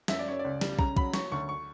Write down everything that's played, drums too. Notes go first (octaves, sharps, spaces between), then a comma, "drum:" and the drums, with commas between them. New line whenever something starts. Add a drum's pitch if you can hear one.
F#2 E5, drum: snare
D5
F#2 C#5
D5
C#2
G3, drum: snare
C#3 A#5, drum: kick
F#3 B5, drum: kick
F#3 C#6, drum: snare
D2 C#6
C#6